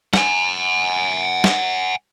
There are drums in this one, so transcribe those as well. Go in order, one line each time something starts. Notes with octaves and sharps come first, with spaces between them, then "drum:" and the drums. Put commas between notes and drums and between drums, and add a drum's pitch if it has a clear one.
F#5 G#5, drum: snare
drum: snare